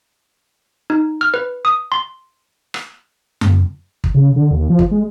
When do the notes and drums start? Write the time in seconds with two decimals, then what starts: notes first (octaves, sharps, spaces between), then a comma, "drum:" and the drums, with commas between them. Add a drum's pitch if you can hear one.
0.90 D#4
1.21 F6
1.34 B4
1.65 D#6
1.92 C6
2.74 drum: rim click
3.41 drum: tom F#2
4.04 drum: kick
4.14 C#3
4.36 D3
4.51 D#2
4.70 F3
4.79 drum: kick
4.91 G#3